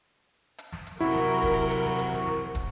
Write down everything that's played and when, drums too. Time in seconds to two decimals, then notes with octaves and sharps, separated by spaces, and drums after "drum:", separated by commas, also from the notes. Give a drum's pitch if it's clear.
0.58 drum: hi-hat
0.72 drum: snare
0.86 drum: hi-hat
1.00 C3 F#3 E4 F#4 A#4, drum: snare
1.14 drum: snare
1.43 drum: kick
1.71 drum: hi-hat
1.85 drum: snare
1.99 drum: hi-hat
2.13 drum: snare
2.27 drum: snare
2.55 drum: kick, hi-hat